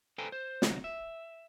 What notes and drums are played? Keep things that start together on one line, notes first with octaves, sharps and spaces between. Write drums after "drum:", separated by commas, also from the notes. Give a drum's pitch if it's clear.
A4 B4 C5 G5 G#5 A#5
C5
D2 C3 F#3 D#4, drum: snare
E5